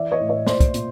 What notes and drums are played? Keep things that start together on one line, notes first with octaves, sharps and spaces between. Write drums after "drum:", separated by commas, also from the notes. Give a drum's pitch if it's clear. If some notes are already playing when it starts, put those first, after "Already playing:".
Already playing: E3 D5 E5
C#5 D#5
A2
C#5 D#5
A#2 C5 D5, drum: snare
drum: kick, hi-hat
A#2, drum: hi-hat